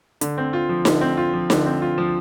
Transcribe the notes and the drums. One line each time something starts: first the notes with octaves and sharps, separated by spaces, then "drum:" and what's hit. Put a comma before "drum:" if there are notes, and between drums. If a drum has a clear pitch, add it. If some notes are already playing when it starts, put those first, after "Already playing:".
D3, drum: hi-hat
C4
F4
F3
D3, drum: snare D#4
C4
F4
F3
D3, drum: snare D#4
C4
F4
F3